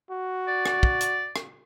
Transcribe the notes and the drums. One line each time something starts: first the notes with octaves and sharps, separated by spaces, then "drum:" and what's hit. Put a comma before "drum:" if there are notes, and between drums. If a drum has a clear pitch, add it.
F#4
D5
drum: rim click
drum: kick
drum: hi-hat
drum: rim click